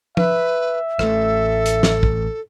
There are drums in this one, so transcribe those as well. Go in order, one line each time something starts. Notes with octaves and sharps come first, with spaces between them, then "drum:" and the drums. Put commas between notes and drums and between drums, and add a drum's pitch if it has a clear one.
B4 E5, drum: tom
A1 A3 A4, drum: rim click
drum: hi-hat
drum: snare
drum: kick